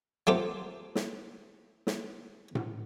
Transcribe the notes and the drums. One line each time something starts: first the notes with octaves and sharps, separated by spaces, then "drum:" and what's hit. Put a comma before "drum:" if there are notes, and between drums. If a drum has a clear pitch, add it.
F#3 A3 C4 F4 G4
drum: snare
drum: snare
drum: tom A2